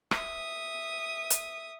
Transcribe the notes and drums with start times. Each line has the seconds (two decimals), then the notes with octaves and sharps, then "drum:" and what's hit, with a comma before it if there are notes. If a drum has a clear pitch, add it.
0.11 E5 D#6, drum: rim click
1.30 drum: hi-hat